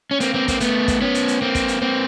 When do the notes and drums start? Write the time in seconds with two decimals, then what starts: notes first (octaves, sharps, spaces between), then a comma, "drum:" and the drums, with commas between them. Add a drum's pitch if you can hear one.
0.11 C#4
0.20 A#3 C4, drum: hi-hat
0.34 A#3 C4
0.48 A#3 C4, drum: kick, hi-hat
0.60 A3 B3, drum: hi-hat
0.88 drum: kick, hi-hat
1.01 B3 C#4
1.15 drum: hi-hat
1.28 drum: hi-hat
1.42 A#3 C4
1.55 drum: kick, hi-hat
1.68 drum: hi-hat
1.82 A#3 C4